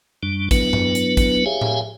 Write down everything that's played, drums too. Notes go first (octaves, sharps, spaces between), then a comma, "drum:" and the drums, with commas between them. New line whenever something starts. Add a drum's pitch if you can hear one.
F#2 G3 D4
F#3 B3 D4 E4 B4, drum: kick, hi-hat
drum: tom G2
drum: hi-hat
drum: kick, hi-hat
G4 G#4 C#5 E5 F5 G#5
drum: tom A2